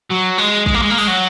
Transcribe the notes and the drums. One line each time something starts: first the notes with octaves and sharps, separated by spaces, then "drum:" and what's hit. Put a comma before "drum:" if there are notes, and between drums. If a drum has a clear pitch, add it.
F#3
G#3
G#3, drum: kick
A#3
G#3
A#3
G#3, drum: open hi-hat
F#3